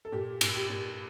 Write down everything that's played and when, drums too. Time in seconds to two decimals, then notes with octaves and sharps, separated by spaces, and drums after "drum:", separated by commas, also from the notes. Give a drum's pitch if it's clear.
0.05 A4
0.12 A#2 G4
0.41 A#2, drum: cymbal
0.55 G4
0.70 A#2